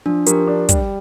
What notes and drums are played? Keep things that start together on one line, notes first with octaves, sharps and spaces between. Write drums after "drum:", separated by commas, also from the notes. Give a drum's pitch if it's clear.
F3 D4
F3 G4 A#4, drum: hi-hat
D4
G3, drum: kick, hi-hat